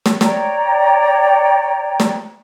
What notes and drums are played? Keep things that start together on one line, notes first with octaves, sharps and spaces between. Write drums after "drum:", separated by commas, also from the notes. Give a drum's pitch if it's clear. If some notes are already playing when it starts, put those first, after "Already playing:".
drum: snare
C#5 D5 G5 A#5, drum: snare
drum: snare